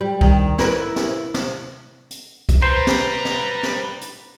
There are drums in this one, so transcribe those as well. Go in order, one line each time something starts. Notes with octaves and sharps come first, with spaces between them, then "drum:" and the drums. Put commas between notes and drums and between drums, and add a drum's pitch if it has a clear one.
G3
D#3, drum: kick B1
E4 A#4 B4, drum: snare
drum: snare
drum: snare
drum: hi-hat
drum: kick B1, hi-hat
G3 B4 C5 A#5
drum: snare
drum: snare
drum: snare
drum: hi-hat